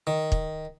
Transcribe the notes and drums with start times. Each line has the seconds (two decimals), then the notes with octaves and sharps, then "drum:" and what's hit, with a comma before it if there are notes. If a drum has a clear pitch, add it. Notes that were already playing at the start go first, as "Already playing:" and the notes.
0.07 D#3
0.32 drum: kick